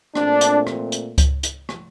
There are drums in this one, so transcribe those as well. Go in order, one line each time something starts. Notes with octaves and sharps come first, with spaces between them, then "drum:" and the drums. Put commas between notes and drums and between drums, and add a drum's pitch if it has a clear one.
A#2 A3 C4 D4, drum: rim click
drum: hi-hat
drum: rim click
drum: hi-hat
drum: kick C#2, hi-hat
drum: hi-hat
drum: rim click